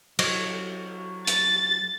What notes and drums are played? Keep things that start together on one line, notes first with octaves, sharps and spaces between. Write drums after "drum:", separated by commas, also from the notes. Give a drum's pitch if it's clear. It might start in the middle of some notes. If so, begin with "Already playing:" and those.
F#3 C#5, drum: cymbal
A6, drum: hi-hat